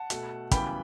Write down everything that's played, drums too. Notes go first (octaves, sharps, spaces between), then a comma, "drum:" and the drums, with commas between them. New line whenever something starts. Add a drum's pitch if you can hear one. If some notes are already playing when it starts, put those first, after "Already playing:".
Already playing: F#5 A5
B2 A3, drum: hi-hat
F#2 C#3 E3 G3 B3 G5 B5, drum: kick, hi-hat